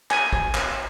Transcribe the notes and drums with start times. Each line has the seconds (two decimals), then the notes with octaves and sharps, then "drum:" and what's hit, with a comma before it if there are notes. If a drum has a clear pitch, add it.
0.11 G#5, drum: clap
0.33 drum: kick
0.54 drum: clap